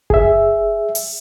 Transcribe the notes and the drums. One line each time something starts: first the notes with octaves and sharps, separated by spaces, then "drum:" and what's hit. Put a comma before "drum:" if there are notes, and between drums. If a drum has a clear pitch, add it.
G#4 E5, drum: kick F#1
drum: open hi-hat